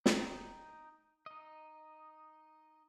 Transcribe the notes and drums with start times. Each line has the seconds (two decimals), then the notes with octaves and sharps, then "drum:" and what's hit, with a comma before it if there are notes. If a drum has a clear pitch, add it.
0.06 D#4 G5, drum: snare
1.26 D#4 D#5